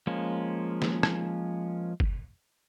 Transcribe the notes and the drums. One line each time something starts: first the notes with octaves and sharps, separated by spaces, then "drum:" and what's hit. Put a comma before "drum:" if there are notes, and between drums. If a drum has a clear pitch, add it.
F3 G#3 A#3 C#4
drum: snare
drum: rim click
drum: kick G1